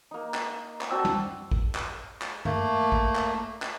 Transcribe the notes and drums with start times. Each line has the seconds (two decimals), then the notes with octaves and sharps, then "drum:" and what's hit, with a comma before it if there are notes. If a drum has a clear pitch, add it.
0.11 A#3 D#4
0.34 drum: clap
0.81 drum: clap
0.91 C4 F#4 D5 A5 E6
1.05 drum: tom
1.51 drum: kick
1.75 drum: clap
2.22 drum: clap
2.45 A3 A#3, drum: tom
2.92 drum: kick
3.15 drum: clap
3.62 drum: clap